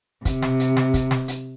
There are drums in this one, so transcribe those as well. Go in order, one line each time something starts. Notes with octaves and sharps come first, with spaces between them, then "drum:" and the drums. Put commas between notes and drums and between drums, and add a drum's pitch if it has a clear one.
C3, drum: kick, hi-hat
drum: snare
drum: hi-hat
drum: snare
drum: kick, hi-hat
drum: snare
drum: hi-hat